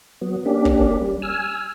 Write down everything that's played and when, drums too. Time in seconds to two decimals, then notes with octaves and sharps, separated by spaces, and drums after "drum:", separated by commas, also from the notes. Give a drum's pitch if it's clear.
0.21 F#3 B3
0.46 A#3 C#4 D4 G4
0.65 drum: kick
1.01 G3
1.22 G#5 E6 F6